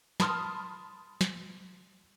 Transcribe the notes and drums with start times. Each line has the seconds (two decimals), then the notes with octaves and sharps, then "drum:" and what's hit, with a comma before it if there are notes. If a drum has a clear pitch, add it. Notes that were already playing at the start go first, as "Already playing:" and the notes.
0.20 A5 B5 C6 D#6 F6, drum: snare
1.21 drum: snare